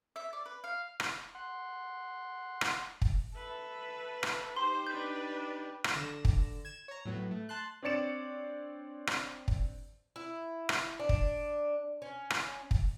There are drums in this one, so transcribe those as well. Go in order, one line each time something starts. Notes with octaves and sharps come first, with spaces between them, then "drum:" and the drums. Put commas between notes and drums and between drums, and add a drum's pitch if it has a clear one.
E5
D5
B4
F5
drum: rim click
F#5 C6
drum: rim click
drum: kick
A4 B4 E5
drum: rim click
D#4 G4 C5 C6
D4 B4 G6
drum: rim click
D3 A#6 E7
drum: kick
G#6 E7
C#5 A#5
A2 F#3 B3
A3
A5 C6 F#6
C4 D4 C#5 D5 C#7 E7
drum: rim click
drum: kick
E4
drum: rim click
D4
drum: kick
C#4
drum: rim click
drum: kick